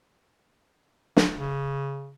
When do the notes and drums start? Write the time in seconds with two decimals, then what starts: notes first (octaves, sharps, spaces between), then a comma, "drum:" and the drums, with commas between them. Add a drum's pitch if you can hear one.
1.17 drum: snare
1.37 C#3